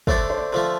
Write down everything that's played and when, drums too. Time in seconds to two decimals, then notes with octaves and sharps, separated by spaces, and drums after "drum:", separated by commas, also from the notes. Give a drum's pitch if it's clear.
0.07 D3 A3 D4 A4 C5, drum: kick
0.30 C5
0.38 D5
0.53 D3 F3 A3